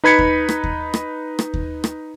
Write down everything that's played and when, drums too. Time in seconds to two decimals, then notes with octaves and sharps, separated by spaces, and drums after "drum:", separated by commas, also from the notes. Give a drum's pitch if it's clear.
0.04 D#4 B4 B5 G#6 B6 C#7
0.19 drum: kick D#2
0.49 drum: rim click
0.64 drum: kick D#2
0.94 drum: rim click
1.39 drum: rim click
1.54 drum: kick D#2
1.84 drum: rim click